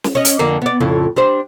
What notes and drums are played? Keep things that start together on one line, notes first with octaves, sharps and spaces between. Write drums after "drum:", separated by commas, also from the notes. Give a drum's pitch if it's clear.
drum: snare
C#4 D#5
drum: hi-hat
F2 D3 A#3
B3 D5
F2 A2 C#3
G3 D4 C5